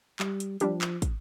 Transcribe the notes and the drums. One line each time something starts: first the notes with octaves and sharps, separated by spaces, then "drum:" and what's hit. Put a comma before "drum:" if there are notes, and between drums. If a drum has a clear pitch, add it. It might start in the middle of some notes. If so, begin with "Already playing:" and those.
G3, drum: clap
drum: hi-hat
F3 G3 D4 G4, drum: hi-hat
drum: clap
drum: kick, hi-hat